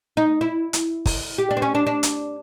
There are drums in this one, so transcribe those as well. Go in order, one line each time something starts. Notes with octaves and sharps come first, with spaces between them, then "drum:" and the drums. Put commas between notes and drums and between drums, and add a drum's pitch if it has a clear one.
D#4
E4
drum: hi-hat
drum: kick G1, open hi-hat
G4
D4
C4
C#4
D4
D4
drum: hi-hat